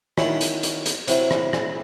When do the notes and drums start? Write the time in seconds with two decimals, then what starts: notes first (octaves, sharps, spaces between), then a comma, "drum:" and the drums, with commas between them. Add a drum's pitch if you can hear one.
0.18 D#3 F#3 C#4 E4, drum: rim click
0.41 drum: hi-hat
0.63 drum: hi-hat
0.86 drum: hi-hat
1.08 C3 F#3 C4 E4, drum: hi-hat
1.31 drum: rim click
1.53 drum: rim click